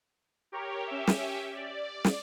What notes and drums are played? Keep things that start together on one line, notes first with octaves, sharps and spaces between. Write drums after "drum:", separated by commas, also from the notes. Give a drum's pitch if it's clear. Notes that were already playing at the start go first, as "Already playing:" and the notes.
G4 A#4 C#5
C#4 G4 E5
drum: snare
D5
drum: snare